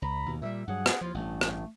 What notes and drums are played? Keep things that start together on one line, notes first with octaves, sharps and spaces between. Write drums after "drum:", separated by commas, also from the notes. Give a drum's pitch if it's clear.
C#2 A#5 B5
D#2 B2
A#2 F#3 G3 E5
G2 F#3 G#4 F#5
drum: rim click
D#2 F3 E4 F4
A1 G2 A3
drum: rim click